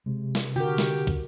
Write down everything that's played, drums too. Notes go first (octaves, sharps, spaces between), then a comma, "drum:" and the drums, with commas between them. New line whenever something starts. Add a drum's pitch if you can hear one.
C3 G#3
drum: snare
D3 F#4 G4 A#4
drum: snare
drum: kick